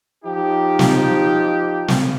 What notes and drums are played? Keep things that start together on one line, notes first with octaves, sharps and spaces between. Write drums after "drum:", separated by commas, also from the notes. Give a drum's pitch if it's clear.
F3 D#4 G4
drum: snare
drum: snare